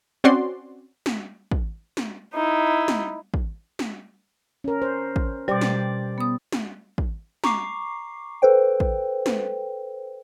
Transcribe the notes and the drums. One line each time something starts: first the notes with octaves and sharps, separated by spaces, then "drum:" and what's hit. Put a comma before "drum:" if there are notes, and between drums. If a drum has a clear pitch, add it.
C4 C#4 F#4 D5 C6
drum: snare
drum: kick
drum: snare
D#4 E4
drum: snare
drum: kick
drum: snare
C#4 A#4
C5
drum: kick
B2 G3 G4 C5 D5
drum: snare
B3 D#6
drum: snare
drum: kick
A#5 C#6 D6 C7, drum: snare
A4 B4 C5 G5
drum: kick
drum: snare